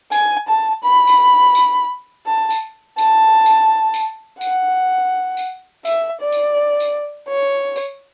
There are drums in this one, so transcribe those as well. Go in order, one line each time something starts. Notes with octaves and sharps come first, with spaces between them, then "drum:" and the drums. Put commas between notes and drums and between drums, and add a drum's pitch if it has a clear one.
G#5, drum: tambourine
A5
B5
drum: tambourine
drum: tambourine
A5
drum: tambourine
A5, drum: tambourine
drum: tambourine
drum: tambourine
F#5, drum: tambourine
drum: tambourine
E5, drum: tambourine
D5
drum: tambourine
drum: tambourine
C#5
drum: tambourine